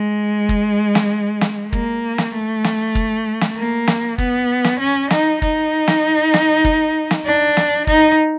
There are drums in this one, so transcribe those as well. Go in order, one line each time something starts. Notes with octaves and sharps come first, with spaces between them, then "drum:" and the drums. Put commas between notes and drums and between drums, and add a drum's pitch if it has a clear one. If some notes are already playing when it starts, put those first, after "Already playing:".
Already playing: G#3
drum: kick
drum: snare
drum: snare
A#3, drum: kick
drum: snare
A3
drum: snare
drum: kick
drum: snare
A#3
drum: snare
B3, drum: kick
drum: snare
C#4
D#4, drum: snare
D#4, drum: kick
drum: snare
drum: snare
drum: kick
drum: snare
D4
drum: snare
D#4, drum: kick